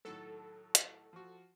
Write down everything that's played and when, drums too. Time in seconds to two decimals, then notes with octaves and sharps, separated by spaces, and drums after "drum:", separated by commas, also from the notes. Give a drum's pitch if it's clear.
0.05 A2 D#3 F#3 A4
0.75 drum: hi-hat
1.13 F3 F#4